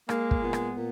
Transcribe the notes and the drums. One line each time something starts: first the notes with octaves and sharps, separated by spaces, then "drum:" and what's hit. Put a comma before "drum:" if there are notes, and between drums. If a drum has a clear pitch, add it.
G#3 A#3, drum: rim click
drum: kick
A#2 B3
drum: rim click
A#2